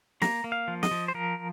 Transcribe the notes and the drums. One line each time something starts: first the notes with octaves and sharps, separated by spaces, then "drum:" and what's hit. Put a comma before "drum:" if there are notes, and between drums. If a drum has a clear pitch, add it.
A#3 A#5, drum: snare
A#3
F5
F3
D#5, drum: snare
F3
C5
F3 A#4